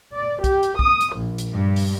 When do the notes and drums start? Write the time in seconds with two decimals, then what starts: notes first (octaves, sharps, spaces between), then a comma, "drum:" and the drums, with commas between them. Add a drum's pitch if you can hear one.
0.14 D5
0.44 G4, drum: kick, hi-hat
0.63 drum: hi-hat
0.79 D#6, drum: kick
1.01 drum: hi-hat
1.13 A#1
1.38 drum: hi-hat
1.51 G2
1.76 drum: open hi-hat